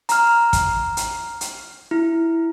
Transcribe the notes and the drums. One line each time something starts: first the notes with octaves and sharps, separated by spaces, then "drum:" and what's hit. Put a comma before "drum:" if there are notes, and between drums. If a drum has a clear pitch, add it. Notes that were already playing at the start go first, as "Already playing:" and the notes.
A#5 F6, drum: hi-hat
drum: kick, hi-hat
drum: hi-hat
drum: hi-hat
E4